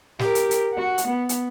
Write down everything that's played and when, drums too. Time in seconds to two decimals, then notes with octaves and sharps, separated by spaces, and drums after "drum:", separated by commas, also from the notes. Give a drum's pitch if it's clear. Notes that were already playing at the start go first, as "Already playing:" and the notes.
0.19 G4 A#4, drum: snare
0.35 drum: hi-hat
0.51 drum: hi-hat
0.73 F#4 F#5
0.98 drum: hi-hat
1.08 B3
1.29 drum: hi-hat